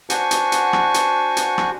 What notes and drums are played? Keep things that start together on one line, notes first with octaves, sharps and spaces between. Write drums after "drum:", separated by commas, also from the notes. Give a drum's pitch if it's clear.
D4 F#4 C5 F#5 G#5 C#6, drum: hi-hat
drum: hi-hat
drum: hi-hat
drum: rim click
drum: hi-hat
drum: hi-hat
drum: rim click